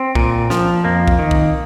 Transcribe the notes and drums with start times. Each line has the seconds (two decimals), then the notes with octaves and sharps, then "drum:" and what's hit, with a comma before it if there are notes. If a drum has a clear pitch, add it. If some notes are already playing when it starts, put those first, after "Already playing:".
Already playing: C4
0.15 A#2, drum: kick B1
0.50 F3, drum: snare
0.84 F2 A#3
1.08 drum: kick B1
1.19 D#3
1.31 drum: kick B1